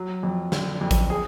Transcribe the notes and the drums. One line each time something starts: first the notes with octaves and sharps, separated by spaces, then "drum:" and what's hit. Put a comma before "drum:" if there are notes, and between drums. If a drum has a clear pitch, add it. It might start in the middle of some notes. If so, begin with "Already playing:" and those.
Already playing: F#3
F2
D3, drum: snare
F2
drum: kick, hi-hat
G#4